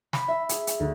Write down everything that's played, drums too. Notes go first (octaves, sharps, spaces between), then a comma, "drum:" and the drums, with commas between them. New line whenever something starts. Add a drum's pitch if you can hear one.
B5, drum: snare
E5
G#4, drum: hi-hat
drum: hi-hat
D2